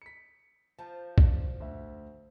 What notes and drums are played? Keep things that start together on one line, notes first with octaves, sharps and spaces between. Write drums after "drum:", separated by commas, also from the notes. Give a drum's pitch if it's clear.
B6 C#7
F3 A5
D5, drum: kick B1
D2 E5